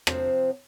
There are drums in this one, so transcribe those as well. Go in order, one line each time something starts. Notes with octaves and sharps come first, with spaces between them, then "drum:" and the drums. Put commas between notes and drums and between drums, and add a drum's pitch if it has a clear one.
F2 C3 F3 C4, drum: rim click